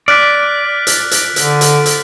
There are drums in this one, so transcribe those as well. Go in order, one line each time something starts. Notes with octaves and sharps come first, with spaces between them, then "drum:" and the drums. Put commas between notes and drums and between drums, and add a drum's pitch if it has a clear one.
D5 F6 F#6 B6
drum: hi-hat
drum: hi-hat
D3, drum: hi-hat
drum: hi-hat
drum: hi-hat